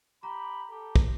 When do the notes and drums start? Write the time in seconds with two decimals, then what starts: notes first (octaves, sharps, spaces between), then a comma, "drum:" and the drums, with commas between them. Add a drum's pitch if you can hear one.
0.23 G4 A#5 B5
0.71 G4 A4
0.96 drum: kick